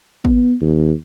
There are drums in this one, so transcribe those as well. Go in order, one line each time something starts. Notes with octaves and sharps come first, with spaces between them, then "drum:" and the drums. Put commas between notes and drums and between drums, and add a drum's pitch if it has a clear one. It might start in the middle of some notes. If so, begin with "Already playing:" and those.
B3, drum: kick G#1
D#2